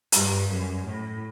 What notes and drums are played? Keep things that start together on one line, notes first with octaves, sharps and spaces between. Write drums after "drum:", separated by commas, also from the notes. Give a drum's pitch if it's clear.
G2, drum: hi-hat
F#2
A2